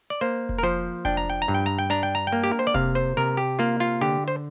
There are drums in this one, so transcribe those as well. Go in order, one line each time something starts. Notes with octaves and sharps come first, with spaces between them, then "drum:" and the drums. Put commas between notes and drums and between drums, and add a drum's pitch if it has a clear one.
D5
A#3 C5
drum: kick F1
A#4
F3 C5
D4 G5, drum: kick F1
A#5
G5
A#5
G2
G5
A#5
G5
D4 A#5
G5
A#5
G5
A#3
G4
A#4
C5
D5
C3 F5, drum: kick F1
C5
C3 A#4
G4
A#3 F4
F4
D3 G4
C5